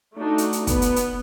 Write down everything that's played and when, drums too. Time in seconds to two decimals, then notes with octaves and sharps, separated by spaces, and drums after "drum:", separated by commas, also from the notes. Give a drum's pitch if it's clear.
0.16 A3 D4 D#4 F#4
0.38 drum: hi-hat
0.53 drum: hi-hat
0.67 B3, drum: kick, hi-hat
0.82 drum: hi-hat
0.96 drum: hi-hat